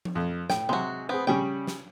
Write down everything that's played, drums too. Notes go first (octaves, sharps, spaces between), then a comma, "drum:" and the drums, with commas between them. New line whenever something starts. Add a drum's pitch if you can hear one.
drum: tom F3
F2
A2 G5, drum: snare
C3 F#3 G#3 F#4
B3 C4 G#4
C#3 G3 C#4 G#4 G5
drum: snare